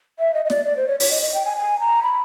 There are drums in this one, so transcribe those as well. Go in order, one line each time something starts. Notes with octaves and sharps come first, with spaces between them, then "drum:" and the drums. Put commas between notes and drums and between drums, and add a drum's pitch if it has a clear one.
E5
D#5
D#5
D5, drum: snare
D5
C5
C#5
C#5, drum: open hi-hat
D#5
D#5
G5
G#5
G#5
A#5
B5